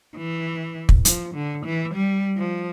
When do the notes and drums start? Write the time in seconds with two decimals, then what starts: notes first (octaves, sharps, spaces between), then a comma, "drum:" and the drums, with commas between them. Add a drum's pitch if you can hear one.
0.17 E3
0.89 drum: kick
1.05 F3, drum: hi-hat
1.34 D3
1.65 E3
1.94 G3
2.37 F3